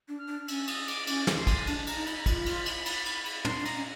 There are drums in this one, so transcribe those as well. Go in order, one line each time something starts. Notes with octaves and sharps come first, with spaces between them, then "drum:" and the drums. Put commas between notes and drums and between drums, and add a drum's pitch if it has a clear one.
D4
F6
D4
C#4 E6, drum: cymbal
D#6, drum: cymbal
D6, drum: cymbal
C#4 D6, drum: cymbal
drum: snare
C6
drum: kick, cymbal
G#5
D4 A5, drum: cymbal
A#5, drum: cymbal
D#4
B5, drum: cymbal
A#5
F4 B5, drum: kick, cymbal
drum: cymbal
drum: cymbal
drum: cymbal
drum: cymbal
drum: cymbal
D#4 C6, drum: tom
D4
A#5, drum: cymbal
C#4